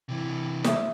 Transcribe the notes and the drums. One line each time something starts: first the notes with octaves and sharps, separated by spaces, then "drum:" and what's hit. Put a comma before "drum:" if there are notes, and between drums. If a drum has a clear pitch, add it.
C3 E3
E5 D#6, drum: snare